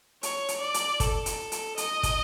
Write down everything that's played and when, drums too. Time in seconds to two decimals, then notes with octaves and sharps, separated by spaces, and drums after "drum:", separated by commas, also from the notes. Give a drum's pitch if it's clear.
0.23 C#5, drum: hi-hat
0.48 drum: hi-hat
0.61 D5
0.74 drum: hi-hat
1.00 A4, drum: kick, hi-hat
1.26 drum: hi-hat
1.52 drum: hi-hat
1.78 D#5, drum: hi-hat
2.03 drum: kick, hi-hat